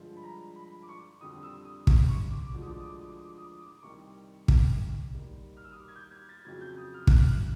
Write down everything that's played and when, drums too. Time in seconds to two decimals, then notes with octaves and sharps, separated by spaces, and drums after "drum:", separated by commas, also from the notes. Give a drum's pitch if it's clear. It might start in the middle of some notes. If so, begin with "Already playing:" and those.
Already playing: G2 D3 F3 G#3
0.17 B5
0.23 A#5
0.56 B5
0.83 D6
0.89 C#6
1.21 F2 D3 G3 D#6
1.43 E6
1.65 D#6
1.87 C#6, drum: kick
2.08 C#6
2.31 D6
2.51 D2 D3 F3 G#3 D6
2.61 D#6
2.71 D6
2.80 D#6
2.90 D6
2.99 D#6
3.09 D6
3.19 D#6
3.28 D6
3.38 D#6
3.47 D6
3.57 D#6
3.66 D6
3.83 C2 C3 D#3 C#6
4.48 drum: kick
5.14 D#2 D#3 G3
5.57 F6
5.64 E6
5.72 D#6
5.79 D6
5.88 G#6
5.96 G6
6.11 G#6
6.29 A6
6.45 F2 C#3 F#3 G#6
6.61 G6
6.77 D#6
6.94 F6
7.07 F#6, drum: kick
7.21 F6